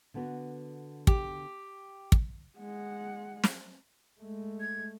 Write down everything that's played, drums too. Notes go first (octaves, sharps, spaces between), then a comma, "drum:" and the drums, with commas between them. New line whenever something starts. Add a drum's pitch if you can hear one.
D3 B3 F#4
G4, drum: kick
drum: kick
G#3 F#5
drum: snare
G#3 A3
G#6